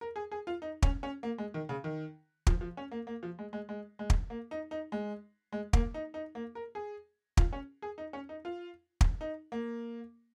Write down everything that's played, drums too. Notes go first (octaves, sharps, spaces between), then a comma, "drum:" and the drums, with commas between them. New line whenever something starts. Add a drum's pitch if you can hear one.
A#4
G#4
G#4
F4
D#4
C#4, drum: kick
C#4
A#3
G#3
D#3
C#3
D#3
F3, drum: kick
F3
C#4
A#3
A#3
F3
G#3
G#3
G#3
G#3
drum: kick
A#3
D#4
D#4
G#3
G#3
A#3, drum: kick
D#4
D#4
A#3
A#4
G#4
F4, drum: kick
C#4
G#4
D#4
C#4
D#4
F4
drum: kick
D#4
A#3